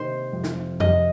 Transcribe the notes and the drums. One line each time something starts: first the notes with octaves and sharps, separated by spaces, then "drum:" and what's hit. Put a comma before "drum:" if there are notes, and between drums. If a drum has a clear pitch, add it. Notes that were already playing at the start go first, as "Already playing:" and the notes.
Already playing: C3 D#3 A#3 D#4 G4 C5
F2 C3 F3 C4
drum: snare
C3 F3 C4 D#5, drum: tom F2